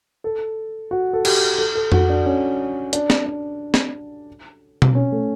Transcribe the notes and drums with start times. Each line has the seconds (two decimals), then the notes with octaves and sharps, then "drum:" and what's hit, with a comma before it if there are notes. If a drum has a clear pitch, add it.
0.24 A4
0.91 F#4
1.13 A4
1.25 G4, drum: cymbal
1.58 A4
1.75 A4
1.92 F#4, drum: tom F2
2.09 D4
2.26 C#4
2.93 D4, drum: hi-hat
3.10 drum: snare C4
3.26 D4
3.74 drum: snare C4
4.82 drum: tom B2
4.95 C#4
5.12 A3